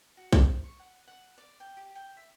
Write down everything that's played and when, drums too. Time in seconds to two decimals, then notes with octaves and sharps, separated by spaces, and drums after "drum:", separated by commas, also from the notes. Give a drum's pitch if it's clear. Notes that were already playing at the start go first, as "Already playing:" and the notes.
0.17 F#4
0.33 C5, drum: kick B1
0.64 C#6
0.79 F#5
1.07 F#5
1.38 D5
1.60 G5
1.77 G4
1.95 G5
2.17 E5